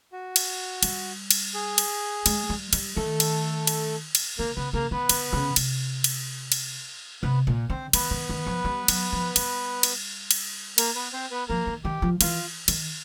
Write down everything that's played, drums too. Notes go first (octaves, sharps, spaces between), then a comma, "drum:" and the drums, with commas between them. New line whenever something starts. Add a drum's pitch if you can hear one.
F#4
drum: cymbal
G3, drum: cymbal
drum: cymbal
G#4
drum: cymbal
G#3, drum: cymbal
G3
G3, drum: cymbal
D#3 A3 A4
drum: cymbal
drum: cymbal
drum: cymbal
D3 A#3 A#4
C#3 B3 B4
C#3 A#3 A#4
D3 B3 B4
D3, drum: cymbal
C#3
C3, drum: cymbal
drum: cymbal
drum: cymbal
C3 B3 B4
A#2
D3 C4 C5
D#3 B3 B4, drum: cymbal
D#3
D#3
F3
G3
F#3, drum: cymbal
F3
G3, drum: cymbal
drum: cymbal
drum: cymbal
A#3 A#4, drum: cymbal
B3 B4
C4 C5
B3 B4
F3 A#3 A#4
D#3
D#3 G4
F3
E3 F4, drum: cymbal
D#3, drum: cymbal